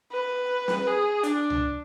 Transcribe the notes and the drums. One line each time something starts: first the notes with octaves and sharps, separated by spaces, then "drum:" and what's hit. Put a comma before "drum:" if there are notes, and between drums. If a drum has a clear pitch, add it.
B4
drum: snare
G#4
D4, drum: hi-hat
drum: tom